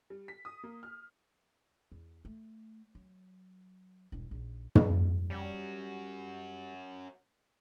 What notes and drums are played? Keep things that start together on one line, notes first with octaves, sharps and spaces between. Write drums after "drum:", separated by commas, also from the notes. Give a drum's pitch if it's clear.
G3
B6
D#6
A#3
F6
E2
A3
F#3
E1 G2
A#1 D#2
drum: tom
G3 C#4 F#4